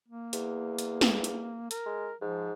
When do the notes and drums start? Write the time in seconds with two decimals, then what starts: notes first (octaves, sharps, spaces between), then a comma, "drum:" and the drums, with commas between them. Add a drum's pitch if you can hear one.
0.08 A#3
0.33 E2, drum: hi-hat
0.79 drum: hi-hat
1.01 drum: snare
1.24 drum: hi-hat
1.71 A#4, drum: hi-hat
1.86 G#3
2.21 G#2 F3